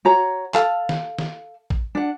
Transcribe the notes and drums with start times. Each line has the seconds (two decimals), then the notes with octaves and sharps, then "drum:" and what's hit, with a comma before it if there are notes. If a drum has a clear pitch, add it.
0.05 F#4 C#5 A#5
0.54 A4 F5 A5, drum: clap
0.89 drum: snare
1.18 drum: snare
1.70 drum: kick
1.95 D4 F#5